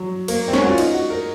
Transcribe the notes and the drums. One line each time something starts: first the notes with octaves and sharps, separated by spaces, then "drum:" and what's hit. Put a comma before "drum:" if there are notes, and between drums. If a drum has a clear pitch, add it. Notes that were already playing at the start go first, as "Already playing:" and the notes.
Already playing: F#3
A#3, drum: cymbal
C4
C#4, drum: snare
F#4
F4
D#4, drum: cymbal
F#4
A#4